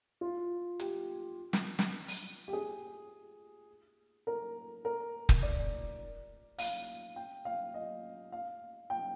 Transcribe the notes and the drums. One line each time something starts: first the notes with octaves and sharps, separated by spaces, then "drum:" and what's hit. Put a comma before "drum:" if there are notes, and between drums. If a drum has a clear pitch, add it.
F4
G4, drum: hi-hat
drum: snare
drum: snare
drum: open hi-hat
G4
G#4
A#4
A#4
drum: kick
D5
F5, drum: open hi-hat
G5
F5
D#5
F5
G5